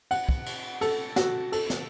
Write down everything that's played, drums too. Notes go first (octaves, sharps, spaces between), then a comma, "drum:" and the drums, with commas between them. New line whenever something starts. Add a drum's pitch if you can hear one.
F#5, drum: cymbal
drum: kick
drum: cymbal
A4, drum: cymbal
F#4, drum: snare
A4, drum: cymbal
drum: snare